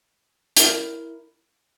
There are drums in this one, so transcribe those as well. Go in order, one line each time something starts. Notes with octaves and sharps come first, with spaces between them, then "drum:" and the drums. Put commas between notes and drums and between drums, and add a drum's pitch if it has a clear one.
E4 A#4, drum: hi-hat